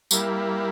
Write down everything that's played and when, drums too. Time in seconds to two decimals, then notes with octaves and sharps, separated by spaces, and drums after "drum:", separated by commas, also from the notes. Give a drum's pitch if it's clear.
0.11 G3 A#3 E4, drum: tambourine